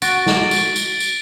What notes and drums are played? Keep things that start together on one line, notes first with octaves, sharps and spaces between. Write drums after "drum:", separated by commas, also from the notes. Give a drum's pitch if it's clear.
F#4 A6 A#6 D7, drum: tambourine
drum: snare
drum: tambourine
drum: tambourine
drum: tambourine